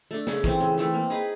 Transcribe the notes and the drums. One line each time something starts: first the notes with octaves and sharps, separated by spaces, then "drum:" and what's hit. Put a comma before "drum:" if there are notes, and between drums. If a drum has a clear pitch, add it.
A3 D4
C#3, drum: snare
E3 A3 C4, drum: kick
C#3
E3 A3 C4
A#3
D#4 G#4 B4